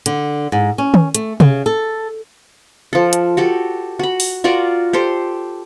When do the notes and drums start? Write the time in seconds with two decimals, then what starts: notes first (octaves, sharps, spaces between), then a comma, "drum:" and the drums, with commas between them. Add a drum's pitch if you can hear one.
0.06 D3, drum: hi-hat
0.52 G#2
0.78 C#4
0.94 drum: tom
1.15 A3, drum: hi-hat
1.40 C#3, drum: tom C3
1.66 A4
2.93 F3 A4
3.13 drum: hi-hat
3.37 F#4 G4 A4
3.99 F#4 B5
4.20 drum: open hi-hat
4.44 F4 F#4 A#4 D5
4.93 G4 A4 C5